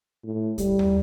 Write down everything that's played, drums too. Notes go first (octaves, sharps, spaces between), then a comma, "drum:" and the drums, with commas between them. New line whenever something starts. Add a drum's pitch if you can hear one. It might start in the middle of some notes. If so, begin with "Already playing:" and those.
A2
G3, drum: kick B1, hi-hat
drum: tom D#2